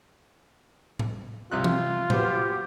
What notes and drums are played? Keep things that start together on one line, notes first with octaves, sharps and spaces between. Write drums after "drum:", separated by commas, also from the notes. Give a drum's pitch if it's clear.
drum: tom A2
C2 C3 F4 F#6
drum: tom
B3 F#4 G4 C5, drum: tom A2